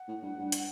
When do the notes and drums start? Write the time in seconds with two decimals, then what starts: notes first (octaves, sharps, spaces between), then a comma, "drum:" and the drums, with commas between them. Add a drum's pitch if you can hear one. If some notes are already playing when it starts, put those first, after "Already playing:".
Already playing: F#5
0.08 A2
0.23 G2
0.38 G2
0.52 drum: hi-hat